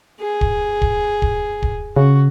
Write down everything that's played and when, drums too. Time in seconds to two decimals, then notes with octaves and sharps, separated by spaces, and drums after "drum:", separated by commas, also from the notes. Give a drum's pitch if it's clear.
0.21 G#4
0.41 drum: kick
0.82 drum: kick
1.22 drum: kick
1.62 drum: kick
1.96 C#3 F#4